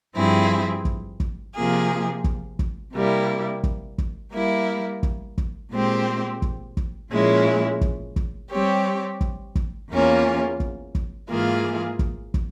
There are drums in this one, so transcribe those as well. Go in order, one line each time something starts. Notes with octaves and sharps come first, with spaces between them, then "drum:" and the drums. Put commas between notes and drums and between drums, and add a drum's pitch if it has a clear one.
G2 F3 C4 E4 G#4
drum: kick
drum: kick
C3 F3 A#3 F4 G#4
drum: kick
drum: kick
C3 G3 A#3 E4
drum: kick
drum: kick
G3 A#3 E4
drum: kick
drum: kick
A#2 G#3 C4 G4 C5
drum: kick
drum: kick
A#2 F3 G#3 C#4 E4
drum: kick
drum: kick
G3 C4 G4 C#5
drum: kick
drum: kick
E2 E3 A#3 C#4 F4
drum: kick
drum: kick
G#2 E3 A#3 F4 G#4
drum: kick
drum: kick